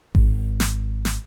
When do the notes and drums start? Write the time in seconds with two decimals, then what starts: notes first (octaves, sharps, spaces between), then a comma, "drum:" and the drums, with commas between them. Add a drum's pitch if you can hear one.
0.15 G#1, drum: kick A1
0.60 drum: snare
1.05 drum: snare